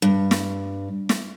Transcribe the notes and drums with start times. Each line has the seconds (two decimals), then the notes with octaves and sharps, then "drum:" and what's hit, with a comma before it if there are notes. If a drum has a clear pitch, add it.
0.02 G2
0.31 drum: snare
1.09 drum: snare